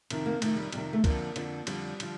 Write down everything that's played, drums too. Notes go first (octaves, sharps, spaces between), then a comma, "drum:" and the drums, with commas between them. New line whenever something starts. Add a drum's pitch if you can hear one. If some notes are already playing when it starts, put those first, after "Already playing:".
F2 C3 D#3 C4, drum: cymbal
A#3
F2 C3 D#3 A3, drum: cymbal
G3
F2 C3 D#3 G3, drum: cymbal
A3
F2 D3 F3 A#3, drum: kick C#2, cymbal
F2 D3 F3, drum: cymbal
F2 D3 F3 G3, drum: cymbal
D3 F3, drum: cymbal